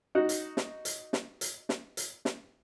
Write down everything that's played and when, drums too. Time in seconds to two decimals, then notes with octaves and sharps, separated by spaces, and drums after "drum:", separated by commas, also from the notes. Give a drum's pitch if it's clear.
0.15 D#4 F#4
0.29 drum: hi-hat
0.57 drum: snare
0.85 drum: hi-hat
1.13 drum: snare
1.41 drum: hi-hat
1.69 drum: snare
1.97 drum: hi-hat
2.25 drum: snare